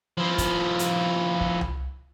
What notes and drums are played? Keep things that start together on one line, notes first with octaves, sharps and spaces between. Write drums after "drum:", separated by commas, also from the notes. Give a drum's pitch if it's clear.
F3 E4
drum: kick, hi-hat
drum: hi-hat
drum: kick
drum: tom C2